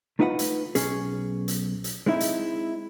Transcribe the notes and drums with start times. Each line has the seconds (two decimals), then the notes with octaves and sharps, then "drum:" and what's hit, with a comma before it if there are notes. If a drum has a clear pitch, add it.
0.19 A3 D#4 F4 B4 D#5 F#5
0.39 drum: hi-hat
0.75 B1 C#4 G#4, drum: hi-hat
1.48 drum: hi-hat
1.84 drum: hi-hat
2.06 G#3 C4 D#4 E4
2.20 drum: hi-hat